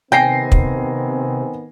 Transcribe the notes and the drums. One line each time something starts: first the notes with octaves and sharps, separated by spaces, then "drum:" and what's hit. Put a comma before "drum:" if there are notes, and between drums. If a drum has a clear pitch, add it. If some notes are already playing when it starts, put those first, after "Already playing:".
C3 D#3 B3 C4 G5 G#5 A#6 C7
drum: kick